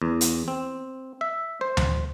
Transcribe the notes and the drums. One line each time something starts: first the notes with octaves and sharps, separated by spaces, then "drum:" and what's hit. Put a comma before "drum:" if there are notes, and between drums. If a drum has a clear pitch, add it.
E2
drum: hi-hat
C4
E5
C5
drum: tom D2